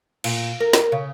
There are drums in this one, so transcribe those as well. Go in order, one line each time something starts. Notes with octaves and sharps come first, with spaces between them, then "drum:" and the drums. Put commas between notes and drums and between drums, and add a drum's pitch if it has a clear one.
A#2, drum: cymbal
A#4
drum: snare
C#3